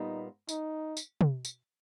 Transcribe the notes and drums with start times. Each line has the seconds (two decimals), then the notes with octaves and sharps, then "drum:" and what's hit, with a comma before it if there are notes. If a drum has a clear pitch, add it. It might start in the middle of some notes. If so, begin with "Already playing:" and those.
Already playing: A#2 G3 B3 D#4
0.49 D#4, drum: tambourine
0.97 drum: tambourine
1.21 drum: tom
1.45 drum: tambourine